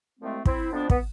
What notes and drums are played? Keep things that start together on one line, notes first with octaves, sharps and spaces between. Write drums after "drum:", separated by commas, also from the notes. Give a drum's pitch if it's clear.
C2 C3 F3 G#3 A3 C4
C4 E4, drum: kick
F2 D3 F3 B3 D4
B3, drum: kick